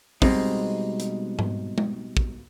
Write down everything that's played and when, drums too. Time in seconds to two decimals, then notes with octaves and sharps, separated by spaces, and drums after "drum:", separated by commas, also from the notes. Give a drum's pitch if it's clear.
0.22 B2 G3 G#3 C4 D#4, drum: kick, open hi-hat
1.00 drum: hi-hat
1.39 drum: tom G#2
1.78 drum: tom G#3
2.17 drum: kick